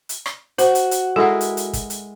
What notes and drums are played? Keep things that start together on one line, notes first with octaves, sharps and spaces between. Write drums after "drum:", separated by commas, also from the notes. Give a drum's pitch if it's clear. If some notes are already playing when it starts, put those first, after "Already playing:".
drum: hi-hat
drum: rim click
F#4 C5, drum: hi-hat
drum: hi-hat
drum: hi-hat
G#3 E4 A4 A#4 F#5
drum: hi-hat
drum: hi-hat
drum: kick, hi-hat
drum: hi-hat